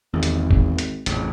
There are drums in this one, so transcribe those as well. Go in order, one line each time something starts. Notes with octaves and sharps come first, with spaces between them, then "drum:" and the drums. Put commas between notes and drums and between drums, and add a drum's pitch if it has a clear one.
G#1 E2 D#3
drum: hi-hat
drum: kick
drum: hi-hat
A1 F2 C#3, drum: hi-hat